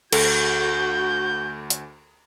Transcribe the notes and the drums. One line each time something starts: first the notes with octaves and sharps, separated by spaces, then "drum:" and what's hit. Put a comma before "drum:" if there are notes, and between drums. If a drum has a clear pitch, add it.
D2 F#4 A4 G6, drum: cymbal
drum: hi-hat